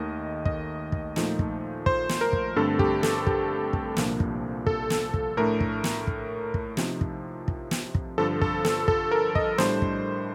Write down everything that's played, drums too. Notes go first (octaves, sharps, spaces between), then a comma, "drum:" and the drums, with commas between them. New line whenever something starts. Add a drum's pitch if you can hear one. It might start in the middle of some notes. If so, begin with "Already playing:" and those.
Already playing: D#2 D#3 A3 D#4 D#5
D#5, drum: kick
drum: kick
A#2 F3 A3 D#4, drum: snare
drum: kick
C5, drum: kick
drum: snare
A#4
drum: kick
G2 D3 A3 C4 A4
G4, drum: kick
A4, drum: snare
G4, drum: kick
drum: kick
C2 A#2 F3 A#3 D4, drum: snare
drum: kick
A4, drum: kick
drum: snare
drum: kick
A2 A3 D4 A#4
drum: kick
drum: snare
drum: kick
drum: kick
C3 F3 C4 D#4, drum: snare
drum: kick
drum: kick
drum: snare
drum: kick
G2 D3 F3 A4
A4, drum: kick
A4, drum: snare
A4, drum: kick
A#4
D#5, drum: kick
A2 G3 D4 C5, drum: snare
drum: kick